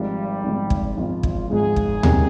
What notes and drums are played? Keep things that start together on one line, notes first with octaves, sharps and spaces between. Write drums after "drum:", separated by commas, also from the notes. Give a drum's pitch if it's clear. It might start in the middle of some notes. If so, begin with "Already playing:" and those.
Already playing: G#1 G#2 F3 G3
G#1 G#2 F3
drum: kick
G#1 G#2 F3 F4
drum: kick
G#1 G#2 F3 G#4
drum: kick
C2 C3 D#3 G3 C#4, drum: tom D2